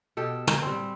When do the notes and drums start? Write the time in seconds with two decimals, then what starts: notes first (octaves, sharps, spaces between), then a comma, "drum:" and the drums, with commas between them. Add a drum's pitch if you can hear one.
0.17 B2 G4 A4
0.47 drum: tom
0.62 G3 C4